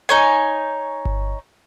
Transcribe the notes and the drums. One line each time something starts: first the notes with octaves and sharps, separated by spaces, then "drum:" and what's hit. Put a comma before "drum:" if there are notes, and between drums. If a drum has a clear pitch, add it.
D#4 C#5 G#5
drum: kick G1